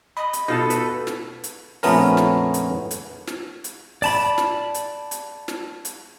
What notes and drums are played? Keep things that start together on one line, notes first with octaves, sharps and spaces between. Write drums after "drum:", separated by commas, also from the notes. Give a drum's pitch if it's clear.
D#5 B5
drum: hi-hat
B2 D#4 F4 A4 A5
B4, drum: hi-hat
drum: snare
drum: hi-hat
A#1 F2 A3 B3 C#4 A#4, drum: open hi-hat
drum: snare
drum: hi-hat
drum: hi-hat
drum: snare
drum: hi-hat
D5 A5 B5, drum: open hi-hat
drum: snare
drum: hi-hat
drum: hi-hat
drum: snare
drum: hi-hat